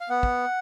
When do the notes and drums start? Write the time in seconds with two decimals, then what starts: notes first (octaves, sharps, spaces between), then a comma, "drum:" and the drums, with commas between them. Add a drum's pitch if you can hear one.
0.01 F5
0.09 B3 F#5
0.23 drum: kick